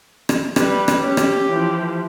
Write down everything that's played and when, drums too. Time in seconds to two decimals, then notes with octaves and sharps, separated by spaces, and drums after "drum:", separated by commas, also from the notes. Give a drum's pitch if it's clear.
0.29 drum: rim click
0.56 G3 B4, drum: rim click
0.88 drum: rim click
1.00 C#4 G4
1.17 drum: rim click
1.47 E3 F3